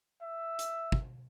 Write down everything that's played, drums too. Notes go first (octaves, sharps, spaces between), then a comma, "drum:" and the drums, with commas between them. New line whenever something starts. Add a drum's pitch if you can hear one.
E5
drum: hi-hat
drum: kick